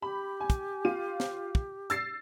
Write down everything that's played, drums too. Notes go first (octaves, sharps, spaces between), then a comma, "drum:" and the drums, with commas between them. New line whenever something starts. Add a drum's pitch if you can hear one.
G4 B5
G#5
drum: kick, hi-hat
F4 D#7
drum: snare
drum: kick
E6 A6 C7, drum: hi-hat